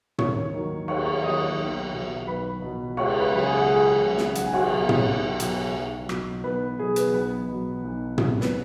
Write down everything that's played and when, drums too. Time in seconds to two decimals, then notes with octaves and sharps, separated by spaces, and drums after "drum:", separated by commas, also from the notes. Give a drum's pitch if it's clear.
0.18 D#2 C#5 C#6, drum: tom
0.54 D#3 F#3
0.88 D#2 C#5 C#6, drum: cymbal
1.06 C#5 C#6
1.23 D#3 F#3 D#5 D#6
1.40 C#5 C#6
1.58 B1
1.93 B2 F#3
2.27 B1 B4 B5
2.62 B2 F#3
2.97 C#2 C#5 C#6, drum: cymbal
3.20 B4 B5
3.32 C#3 F#3 B5
3.43 G#4 G#5
3.57 F#5
3.67 C#2 G#4 G#5
4.01 C#3 F#3
4.17 drum: snare
4.35 B1 F#5, drum: hi-hat
4.44 G#5
4.53 F#4 F#5, drum: cymbal
4.70 B2 F#3
4.89 drum: tom
5.05 B1
5.40 B2 F#3, drum: hi-hat
5.75 B1
6.09 B2 F#3, drum: rim click
6.44 B1 B3 B4
6.79 B2 F#3 G#4
6.96 B3 B4, drum: hi-hat
7.13 B1 B3 B4
7.48 B2 F#3
7.84 B1
8.18 B2 F#3, drum: tom
8.41 B4, drum: snare